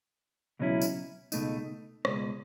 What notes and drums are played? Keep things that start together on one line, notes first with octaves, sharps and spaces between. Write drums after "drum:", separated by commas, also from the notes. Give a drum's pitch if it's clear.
C#2 B2 F#3 C#4 E4
drum: tambourine
C#2 B2 A3 D#4, drum: tambourine
C#2 B2 G#3, drum: rim click